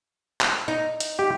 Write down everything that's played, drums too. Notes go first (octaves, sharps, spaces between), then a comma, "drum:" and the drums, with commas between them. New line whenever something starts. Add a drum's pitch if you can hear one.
drum: clap
D#4
drum: hi-hat
G4